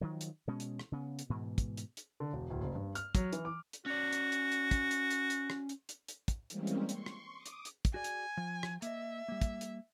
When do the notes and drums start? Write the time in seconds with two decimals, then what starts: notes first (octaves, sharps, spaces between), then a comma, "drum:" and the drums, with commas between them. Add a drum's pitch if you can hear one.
0.01 D#3 F3 F#3
0.21 drum: hi-hat
0.47 B2 G#3 C#4
0.60 drum: hi-hat
0.79 drum: rim click
0.92 C#3 B3
1.19 drum: hi-hat
1.30 G#2 B2 E3
1.58 drum: kick, hi-hat
1.77 drum: hi-hat
1.97 drum: hi-hat
2.20 D3
2.33 E1
2.50 D1
2.61 F#1
2.75 G2
2.95 F6, drum: hi-hat
3.15 F#3, drum: kick, hi-hat
3.33 E3, drum: hi-hat
3.45 D6
3.73 drum: hi-hat
3.86 C#4 F#4 D5
4.13 drum: hi-hat
4.32 drum: hi-hat
4.52 drum: hi-hat
4.71 drum: kick, hi-hat
4.91 drum: hi-hat
5.10 drum: hi-hat
5.30 drum: hi-hat
5.50 drum: rim click
5.69 drum: hi-hat
5.89 drum: hi-hat
6.08 drum: hi-hat
6.28 drum: kick, hi-hat
6.50 E3 G3 G#3 A#3 C4 C#4, drum: hi-hat
6.67 drum: hi-hat
6.89 C6 C#6, drum: hi-hat
7.06 drum: rim click
7.34 D6 D#6
7.46 drum: hi-hat
7.65 drum: hi-hat
7.85 drum: kick, hi-hat
7.94 F#4 G#4 D5 G#5
8.04 drum: hi-hat
8.37 F3
8.63 drum: rim click
8.82 A#3 D#5 E5, drum: hi-hat
9.28 G3 A#3
9.41 drum: kick, hi-hat
9.61 drum: hi-hat